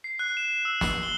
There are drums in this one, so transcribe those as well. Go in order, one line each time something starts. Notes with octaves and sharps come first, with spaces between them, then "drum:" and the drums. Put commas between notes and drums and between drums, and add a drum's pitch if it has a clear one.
C7
F#6
E7
E6
drum: snare
G7